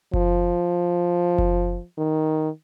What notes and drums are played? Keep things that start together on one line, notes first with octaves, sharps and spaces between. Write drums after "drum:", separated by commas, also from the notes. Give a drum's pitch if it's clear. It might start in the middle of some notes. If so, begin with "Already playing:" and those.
F3, drum: kick F#1
drum: kick F#1
D#3